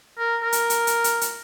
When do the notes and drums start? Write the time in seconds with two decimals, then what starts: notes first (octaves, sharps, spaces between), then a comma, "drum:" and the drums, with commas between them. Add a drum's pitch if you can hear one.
0.19 A#4
0.43 A#4
0.52 drum: hi-hat
0.70 drum: hi-hat
0.87 drum: hi-hat
1.04 drum: hi-hat
1.21 drum: hi-hat